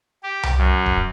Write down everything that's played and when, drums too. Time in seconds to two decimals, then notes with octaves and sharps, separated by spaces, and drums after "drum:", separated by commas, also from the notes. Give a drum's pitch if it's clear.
0.23 G4
0.43 drum: tom C2
0.58 F#2
0.86 drum: kick D1